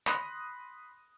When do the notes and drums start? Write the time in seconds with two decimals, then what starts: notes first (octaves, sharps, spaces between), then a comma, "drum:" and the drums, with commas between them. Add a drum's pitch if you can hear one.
0.07 B5 C6 D#6 F#6 A#6, drum: clap